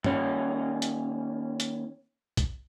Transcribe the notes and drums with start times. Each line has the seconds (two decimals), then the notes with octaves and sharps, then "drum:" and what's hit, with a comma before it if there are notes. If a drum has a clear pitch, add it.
0.04 D#2 C#4, drum: tom
0.82 drum: hi-hat
1.60 drum: hi-hat
2.37 drum: kick B1, hi-hat